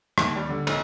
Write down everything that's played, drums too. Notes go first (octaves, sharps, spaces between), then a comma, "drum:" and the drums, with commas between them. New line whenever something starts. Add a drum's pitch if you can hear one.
D#2, drum: rim click
G3
D3
B1, drum: cymbal